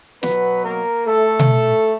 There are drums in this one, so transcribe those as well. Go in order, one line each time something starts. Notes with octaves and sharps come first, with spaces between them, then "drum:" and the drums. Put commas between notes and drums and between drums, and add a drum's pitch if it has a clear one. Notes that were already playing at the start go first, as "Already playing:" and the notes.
B2 F#3 B3 B4, drum: snare
A#3 A#4
A3 A4
drum: tom B2